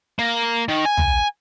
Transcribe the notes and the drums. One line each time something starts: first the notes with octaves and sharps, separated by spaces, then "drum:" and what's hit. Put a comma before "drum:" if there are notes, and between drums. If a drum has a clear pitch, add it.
A#3
D#3
G#5
drum: tom